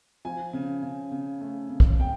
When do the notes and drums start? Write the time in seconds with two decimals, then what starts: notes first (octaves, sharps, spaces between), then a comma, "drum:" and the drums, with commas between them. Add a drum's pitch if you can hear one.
0.25 F3 G#5
0.53 C#3
0.83 C#3
1.11 C#3
1.41 A3
1.69 C#3
1.80 drum: kick A#1
1.99 C#3 G5